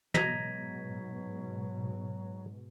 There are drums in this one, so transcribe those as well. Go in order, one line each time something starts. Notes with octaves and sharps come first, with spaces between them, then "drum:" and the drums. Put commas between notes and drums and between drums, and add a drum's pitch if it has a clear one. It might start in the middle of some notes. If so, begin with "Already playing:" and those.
G#2 B2 F#3 D#5 A#5 G#6 B6, drum: tom